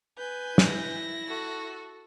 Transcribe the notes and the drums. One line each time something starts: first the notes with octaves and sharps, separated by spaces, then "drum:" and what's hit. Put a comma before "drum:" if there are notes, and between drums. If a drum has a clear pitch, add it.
B4 G#5 G6
E4 A#6, drum: snare
F#4 A4